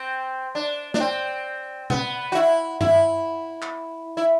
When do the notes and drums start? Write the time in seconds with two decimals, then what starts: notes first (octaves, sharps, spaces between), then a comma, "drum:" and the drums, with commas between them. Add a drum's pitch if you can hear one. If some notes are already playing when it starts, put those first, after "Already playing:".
Already playing: C4
0.55 D4
0.94 D4, drum: snare
1.00 C4
1.90 B3, drum: tom B2
2.32 F#4
2.35 E4
2.81 E4, drum: tom G2
3.62 drum: clap
4.17 E4